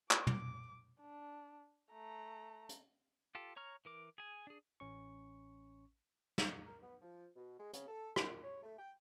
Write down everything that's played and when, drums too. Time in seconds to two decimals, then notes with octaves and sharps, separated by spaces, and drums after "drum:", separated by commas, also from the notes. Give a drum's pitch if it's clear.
0.11 D6, drum: clap
0.27 drum: tom
1.01 D4
1.92 A3 A#5
2.69 drum: hi-hat
3.35 F4 G4 A4
3.56 C#5 A#5 C#6 F6
3.85 E3 A#4 D6
4.18 G#4 G#5
4.47 D4 G#4
4.80 A1 C#4 C#6
6.38 drum: snare
6.66 A#4
6.82 B3
7.01 F3
7.36 B2
7.60 G#3
7.73 C#3, drum: hi-hat
7.88 A4
8.16 A#2, drum: rim click
8.43 C#5
8.62 A3
8.78 G5